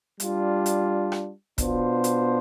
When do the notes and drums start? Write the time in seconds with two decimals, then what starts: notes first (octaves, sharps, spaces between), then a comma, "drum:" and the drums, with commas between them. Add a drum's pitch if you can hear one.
0.20 G3 D4 F4, drum: hi-hat
0.66 drum: hi-hat
1.12 drum: rim click
1.58 B2 B3 D4 F4 C5, drum: kick, hi-hat
2.04 drum: hi-hat